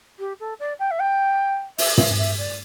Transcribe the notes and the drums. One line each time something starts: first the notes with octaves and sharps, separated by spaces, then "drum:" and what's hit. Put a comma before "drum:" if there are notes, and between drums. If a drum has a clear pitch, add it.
G4
A4
D5
G5
E5
G5
E5, drum: open hi-hat
E5, drum: tom
E5
D5